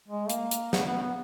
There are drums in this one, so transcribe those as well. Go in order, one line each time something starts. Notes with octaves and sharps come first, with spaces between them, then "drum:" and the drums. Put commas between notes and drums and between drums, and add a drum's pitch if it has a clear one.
G#3
A#3, drum: hi-hat
drum: hi-hat
B3, drum: snare
B3
B3